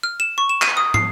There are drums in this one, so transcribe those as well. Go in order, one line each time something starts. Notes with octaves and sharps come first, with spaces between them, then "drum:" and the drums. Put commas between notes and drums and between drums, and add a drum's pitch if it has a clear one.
F6
E7
C#6
E7
D#7, drum: clap
D#6
C7, drum: tom